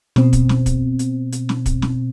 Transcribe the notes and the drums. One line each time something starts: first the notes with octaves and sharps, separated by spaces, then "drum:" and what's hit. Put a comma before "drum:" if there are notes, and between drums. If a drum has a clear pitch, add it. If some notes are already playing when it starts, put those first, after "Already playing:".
B2 C4, drum: snare
drum: kick, hi-hat
drum: snare
drum: kick, hi-hat
drum: hi-hat
drum: hi-hat
drum: snare
drum: kick, hi-hat
drum: snare